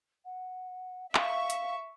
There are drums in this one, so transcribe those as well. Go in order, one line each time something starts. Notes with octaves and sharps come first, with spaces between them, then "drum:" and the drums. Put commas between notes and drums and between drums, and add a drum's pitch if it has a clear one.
F#5
E5 F5 C#6, drum: clap
drum: hi-hat